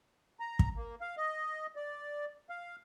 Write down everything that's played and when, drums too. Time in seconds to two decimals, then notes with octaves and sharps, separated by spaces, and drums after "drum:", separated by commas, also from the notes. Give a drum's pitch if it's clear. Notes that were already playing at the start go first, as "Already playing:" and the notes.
0.40 A#5
0.59 drum: kick
0.76 A#3
1.01 F5
1.17 D#5
1.76 D5
2.50 F5